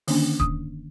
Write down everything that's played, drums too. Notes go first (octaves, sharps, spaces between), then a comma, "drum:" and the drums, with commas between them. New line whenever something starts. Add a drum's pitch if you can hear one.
D3 D#3 A#3 C#4 D4, drum: open hi-hat
D#6, drum: kick